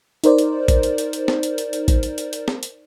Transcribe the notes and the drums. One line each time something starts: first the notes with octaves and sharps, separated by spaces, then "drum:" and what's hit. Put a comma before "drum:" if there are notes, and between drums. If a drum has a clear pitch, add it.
D#4 A#4 C5 D5, drum: hi-hat
drum: hi-hat
drum: kick A1, hi-hat
drum: hi-hat
drum: hi-hat
drum: hi-hat
drum: snare
drum: hi-hat
drum: hi-hat
drum: hi-hat
drum: kick A1, hi-hat
drum: hi-hat
drum: hi-hat
drum: hi-hat
drum: snare
drum: hi-hat